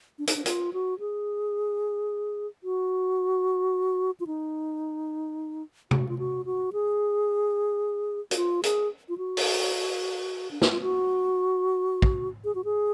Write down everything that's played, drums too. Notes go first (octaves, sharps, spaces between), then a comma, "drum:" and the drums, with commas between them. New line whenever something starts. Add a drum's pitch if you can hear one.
D4
D#4, drum: hi-hat
D4
F4, drum: hi-hat
F#4
G#4
F#4
F4
D#4
F#4, drum: tom C3
F4
F#4
F#4
G#4
F#4, drum: hi-hat
F4
G#4, drum: hi-hat
F4
F#4
drum: open hi-hat
D4
D#4, drum: snare
F4
F#4
drum: kick
G#4
F#4
G#4